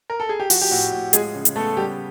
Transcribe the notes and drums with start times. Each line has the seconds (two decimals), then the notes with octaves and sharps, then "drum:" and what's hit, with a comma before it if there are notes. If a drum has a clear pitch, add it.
0.10 A#4
0.20 A4
0.29 G#4
0.40 G4
0.50 F3 F#4, drum: open hi-hat
0.62 G4
0.71 A2 F#4
0.93 A2
1.13 F3 G#3 G#4, drum: hi-hat
1.35 C#3
1.45 drum: hi-hat
1.56 A3 B3 A4
1.77 C#3 G3 G4